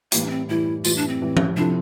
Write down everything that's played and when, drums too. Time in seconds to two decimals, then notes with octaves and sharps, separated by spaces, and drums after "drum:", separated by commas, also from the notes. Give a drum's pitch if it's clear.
0.12 A2 E3 G3 A#3, drum: hi-hat
0.26 D4
0.30 C4
0.49 A2 E3 G3 E4
0.85 A2 E3 G3 F4, drum: tambourine
0.97 D4
1.08 C4
1.21 A2 E3 G3
1.37 drum: tom F3
1.57 C3 F3 C4 D4 E4 A4